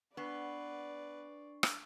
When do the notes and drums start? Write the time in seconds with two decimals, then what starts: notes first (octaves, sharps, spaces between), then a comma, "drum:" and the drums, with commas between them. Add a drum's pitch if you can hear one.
0.17 B3 D4 B4 D5 C#6 C7
1.63 drum: rim click